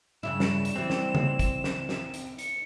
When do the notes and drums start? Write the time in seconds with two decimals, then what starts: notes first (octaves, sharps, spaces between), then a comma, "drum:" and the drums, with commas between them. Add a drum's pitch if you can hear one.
0.23 G2 C#3 E4 E7
0.40 drum: snare
0.65 drum: hi-hat
0.76 E3 G3 C4
0.90 drum: snare
1.15 drum: tom C#3
1.39 drum: kick, hi-hat
1.64 drum: snare
1.89 drum: snare
2.14 drum: hi-hat
2.39 C#7, drum: hi-hat